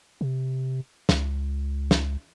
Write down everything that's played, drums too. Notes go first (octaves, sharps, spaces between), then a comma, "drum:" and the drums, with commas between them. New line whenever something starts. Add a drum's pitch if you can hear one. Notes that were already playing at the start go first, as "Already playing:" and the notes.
C3
C#2, drum: snare
drum: snare